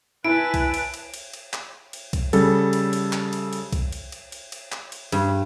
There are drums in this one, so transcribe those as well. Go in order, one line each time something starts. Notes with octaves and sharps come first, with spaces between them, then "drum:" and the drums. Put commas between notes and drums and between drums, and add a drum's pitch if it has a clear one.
E4 B4 G#5 A5 D7
drum: kick, cymbal
drum: cymbal
drum: cymbal
drum: cymbal
drum: cymbal
drum: clap
drum: cymbal
drum: kick, cymbal
C#3 G3 A4, drum: cymbal
drum: cymbal
drum: cymbal
drum: clap
drum: cymbal
drum: cymbal
drum: kick, cymbal
drum: cymbal
drum: cymbal
drum: cymbal
drum: cymbal
drum: clap
drum: cymbal
G2, drum: cymbal